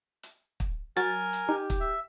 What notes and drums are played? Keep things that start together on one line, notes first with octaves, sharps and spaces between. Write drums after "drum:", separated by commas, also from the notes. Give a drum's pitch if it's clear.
drum: hi-hat
drum: kick
F#3 A#4 G#5 A6, drum: hi-hat
drum: hi-hat
D#4 G4
drum: kick, hi-hat
E5